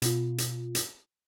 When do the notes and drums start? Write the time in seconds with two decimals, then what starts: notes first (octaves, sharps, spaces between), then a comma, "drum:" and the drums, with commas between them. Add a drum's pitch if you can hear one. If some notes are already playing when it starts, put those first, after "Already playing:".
0.02 B2 F4, drum: hi-hat
0.38 drum: hi-hat
0.75 drum: hi-hat